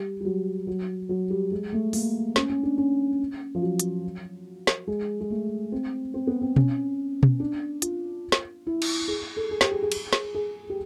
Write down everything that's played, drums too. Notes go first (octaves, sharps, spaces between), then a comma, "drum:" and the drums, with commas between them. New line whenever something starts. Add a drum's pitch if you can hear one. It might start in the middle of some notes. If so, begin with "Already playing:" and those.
Already playing: G3
G3
F#3
F#3
F#3
G3
G#3
A3
A#3, drum: open hi-hat
C#4, drum: snare
C#4
D4
C#4
F3
F#3
drum: hi-hat
drum: snare
G#3
G#3
A3
C4
C4
B3
C4
C#4, drum: tom B2
drum: tom B2
D4
F4, drum: hi-hat
drum: snare
E4
drum: cymbal
G#4
A4
G#4
G4, drum: snare
G#4
G#4
drum: cymbal
drum: snare
G#4
G4